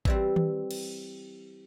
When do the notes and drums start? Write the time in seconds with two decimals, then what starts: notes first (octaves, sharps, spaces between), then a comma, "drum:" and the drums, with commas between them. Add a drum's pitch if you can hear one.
0.05 E3 G3 C4, drum: kick
0.36 drum: tom D#3
0.71 drum: cymbal